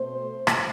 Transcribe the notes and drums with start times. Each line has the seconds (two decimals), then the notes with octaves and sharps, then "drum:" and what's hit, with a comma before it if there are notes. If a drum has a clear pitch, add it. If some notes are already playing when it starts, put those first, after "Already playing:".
Already playing: B2 A3 C4 C5
0.47 drum: rim click